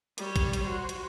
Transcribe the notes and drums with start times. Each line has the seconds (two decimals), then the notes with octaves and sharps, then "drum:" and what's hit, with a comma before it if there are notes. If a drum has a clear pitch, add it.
0.18 G3 C#5, drum: hi-hat
0.36 drum: kick, hi-hat
0.53 drum: hi-hat
0.63 F#4 C5
0.89 drum: hi-hat